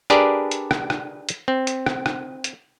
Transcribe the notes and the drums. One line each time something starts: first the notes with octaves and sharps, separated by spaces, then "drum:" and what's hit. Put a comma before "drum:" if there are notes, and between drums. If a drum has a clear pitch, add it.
D4 G4 G#4 A#4 B4 D5
drum: hi-hat
drum: rim click
drum: rim click
drum: hi-hat
C4
drum: hi-hat
drum: rim click
drum: rim click
drum: hi-hat